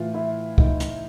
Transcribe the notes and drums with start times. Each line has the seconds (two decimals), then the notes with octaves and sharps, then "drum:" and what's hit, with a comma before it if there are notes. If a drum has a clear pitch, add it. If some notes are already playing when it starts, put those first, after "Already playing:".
Already playing: A2 E3 F4
0.14 E4
0.58 D#4, drum: kick
0.80 drum: hi-hat